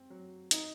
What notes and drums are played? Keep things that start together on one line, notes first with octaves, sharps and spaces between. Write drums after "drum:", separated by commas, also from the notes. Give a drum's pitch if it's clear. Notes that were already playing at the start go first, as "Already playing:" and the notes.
Already playing: C4
F#3
D#4, drum: hi-hat